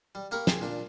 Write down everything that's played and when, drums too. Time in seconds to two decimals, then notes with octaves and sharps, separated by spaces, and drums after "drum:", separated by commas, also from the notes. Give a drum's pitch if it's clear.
0.15 G3
0.31 A#3 G4 A#4 A#5 B5 C#6
0.47 C4 G#4, drum: snare
0.61 A#2 D4